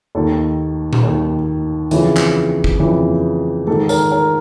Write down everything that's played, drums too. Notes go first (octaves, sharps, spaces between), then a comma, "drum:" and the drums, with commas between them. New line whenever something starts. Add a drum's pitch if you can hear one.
D#2 D#3 A4
drum: tom A#2
D#2 D#3
F2 C#3 E3, drum: hi-hat
drum: clap
drum: kick
F2 C#3 E3
G#2 D#3 A4
A#4, drum: tambourine
A#4